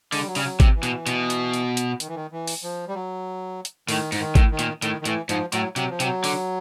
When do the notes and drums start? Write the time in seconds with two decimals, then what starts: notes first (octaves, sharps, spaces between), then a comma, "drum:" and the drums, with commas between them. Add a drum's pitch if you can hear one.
0.12 D3 G#3, drum: open hi-hat
0.20 G3
0.27 F#3
0.35 C#3 G3, drum: open hi-hat
0.44 F#3
0.60 C3, drum: kick G#1, hi-hat
0.75 E3
0.83 B2, drum: hi-hat
1.07 B2, drum: hi-hat
1.30 drum: hi-hat
1.54 drum: hi-hat
1.77 drum: hi-hat
2.00 D#3, drum: hi-hat
2.08 E3
2.15 D#3
2.32 E3
2.48 drum: open hi-hat
2.63 F3
2.88 G3
2.95 F#3
3.65 drum: hi-hat
3.89 A2 D#3, drum: open hi-hat
4.12 G#2, drum: open hi-hat
4.20 D#3
4.35 A2, drum: kick G#1, hi-hat
4.51 D#3
4.59 A#2, drum: hi-hat
4.82 A2 D#3, drum: hi-hat
5.01 D#3
5.05 A2 E3, drum: hi-hat
5.29 G#2 F3, drum: hi-hat
5.52 A2 F#3, drum: hi-hat
5.76 C3 F#3, drum: hi-hat
5.90 F3
6.00 C3, drum: hi-hat
6.03 F#3
6.24 D3, drum: open hi-hat